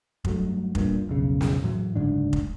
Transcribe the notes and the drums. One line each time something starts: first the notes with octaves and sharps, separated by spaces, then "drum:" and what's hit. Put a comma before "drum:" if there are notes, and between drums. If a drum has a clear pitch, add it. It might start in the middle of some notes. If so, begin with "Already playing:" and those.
G2 F#3 A3, drum: kick F1
G2 A#2, drum: kick F1
F1 B1 C#3
drum: snare
A2 E3 F#3
F#1 D2 G#2 D4
drum: kick F1